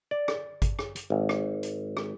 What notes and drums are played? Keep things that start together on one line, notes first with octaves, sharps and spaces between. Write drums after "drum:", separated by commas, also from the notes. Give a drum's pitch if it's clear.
D5
drum: rim click
drum: kick G#1, hi-hat
drum: rim click
drum: hi-hat
G#1
drum: rim click
drum: hi-hat
drum: rim click